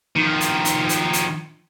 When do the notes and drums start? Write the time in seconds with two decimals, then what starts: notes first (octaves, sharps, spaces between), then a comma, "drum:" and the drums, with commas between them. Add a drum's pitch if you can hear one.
0.16 D#3 F3
0.41 drum: hi-hat
0.65 drum: hi-hat
0.89 drum: hi-hat
1.13 drum: hi-hat